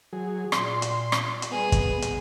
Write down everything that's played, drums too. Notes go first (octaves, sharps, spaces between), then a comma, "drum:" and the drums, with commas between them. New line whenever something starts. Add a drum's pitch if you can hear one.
F#3 G#4
A#2 C6, drum: rim click
drum: hi-hat
drum: rim click
drum: hi-hat
G3 B3 G#4
drum: kick, hi-hat
drum: hi-hat